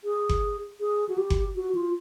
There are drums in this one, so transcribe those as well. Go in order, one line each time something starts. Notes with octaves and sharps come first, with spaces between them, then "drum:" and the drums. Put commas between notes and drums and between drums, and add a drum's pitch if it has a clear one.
G#4
drum: kick F#1
G#4
F#4
G4
drum: kick F#1
F#4
F4